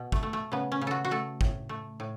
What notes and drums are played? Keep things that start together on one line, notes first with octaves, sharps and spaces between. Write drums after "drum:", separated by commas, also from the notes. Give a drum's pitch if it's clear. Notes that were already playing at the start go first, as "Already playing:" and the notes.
Already playing: B2
A3, drum: kick G1
A3
A3
C#3 B3
C#4
C#3
F#4 A4
F#4
A3 A4
A2, drum: kick G1
A3
A2